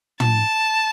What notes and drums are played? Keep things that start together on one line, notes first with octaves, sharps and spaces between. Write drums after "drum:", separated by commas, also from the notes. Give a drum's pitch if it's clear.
A5, drum: tom